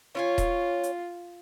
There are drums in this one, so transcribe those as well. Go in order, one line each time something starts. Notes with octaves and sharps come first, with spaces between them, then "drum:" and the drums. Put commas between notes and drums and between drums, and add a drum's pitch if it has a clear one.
C#4 F4 C#5 G#5
drum: kick D#1, hi-hat
drum: hi-hat